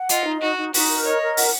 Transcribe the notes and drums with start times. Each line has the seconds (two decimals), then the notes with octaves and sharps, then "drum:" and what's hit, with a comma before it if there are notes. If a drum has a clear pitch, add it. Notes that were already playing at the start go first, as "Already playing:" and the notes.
Already playing: F#5
0.09 F4 D#5, drum: hi-hat
0.26 D#4
0.42 D#4 F#4
0.57 D#4
0.74 D#4 F#4, drum: open hi-hat
0.89 A#4
1.05 C#5 D#5
1.21 A#4
1.37 F#5, drum: open hi-hat